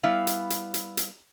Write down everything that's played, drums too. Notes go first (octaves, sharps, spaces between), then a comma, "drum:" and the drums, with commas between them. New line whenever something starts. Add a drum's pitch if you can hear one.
G3 B3 E4 F5
drum: hi-hat
drum: hi-hat
drum: hi-hat
drum: hi-hat